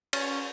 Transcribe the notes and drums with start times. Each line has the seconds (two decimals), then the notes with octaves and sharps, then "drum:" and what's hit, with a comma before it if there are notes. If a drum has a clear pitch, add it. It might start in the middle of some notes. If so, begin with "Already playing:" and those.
0.13 C#4, drum: cymbal